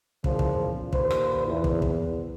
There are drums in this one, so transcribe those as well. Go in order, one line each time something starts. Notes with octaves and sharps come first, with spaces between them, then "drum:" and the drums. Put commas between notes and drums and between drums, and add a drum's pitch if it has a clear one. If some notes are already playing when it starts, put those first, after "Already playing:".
E2 A#2 C#3 F3, drum: kick
drum: kick
D#2 A#2 B4 C5, drum: kick
drum: rim click
E2
drum: kick
drum: kick